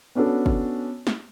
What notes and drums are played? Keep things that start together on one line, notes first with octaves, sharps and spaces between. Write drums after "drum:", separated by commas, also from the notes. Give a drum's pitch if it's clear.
B3 C#4 D4 F#4 A4
drum: kick
drum: snare